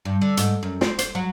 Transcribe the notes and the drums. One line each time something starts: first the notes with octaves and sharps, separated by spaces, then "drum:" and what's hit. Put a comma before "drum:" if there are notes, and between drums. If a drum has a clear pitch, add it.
G2
D3
G#2, drum: hi-hat
F#2
C4, drum: snare
C5, drum: hi-hat
F#3